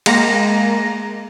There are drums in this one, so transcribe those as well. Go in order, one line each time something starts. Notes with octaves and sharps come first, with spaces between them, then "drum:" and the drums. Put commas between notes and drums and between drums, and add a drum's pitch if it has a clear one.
G#3 A#3 A#5 A#6, drum: cymbal